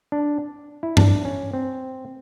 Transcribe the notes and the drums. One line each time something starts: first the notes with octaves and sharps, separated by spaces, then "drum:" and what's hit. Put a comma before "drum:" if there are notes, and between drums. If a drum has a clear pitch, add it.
D4
E4
D4, drum: tom G2
C#4
C4